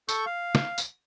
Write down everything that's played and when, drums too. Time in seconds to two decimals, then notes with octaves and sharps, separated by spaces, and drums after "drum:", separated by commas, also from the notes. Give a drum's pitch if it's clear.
0.09 A4 C#6 G6, drum: tambourine
0.26 F5
0.55 drum: snare
0.78 drum: tambourine